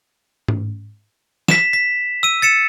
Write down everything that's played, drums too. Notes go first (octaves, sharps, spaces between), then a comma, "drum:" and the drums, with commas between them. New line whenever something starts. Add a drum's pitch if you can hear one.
drum: tom G#2
B6 E7, drum: snare
B6
E6 D#7
A6 C#7 E7